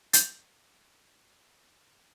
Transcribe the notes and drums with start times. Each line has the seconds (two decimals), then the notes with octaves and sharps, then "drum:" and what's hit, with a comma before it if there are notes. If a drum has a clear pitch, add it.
0.13 G6 A6, drum: hi-hat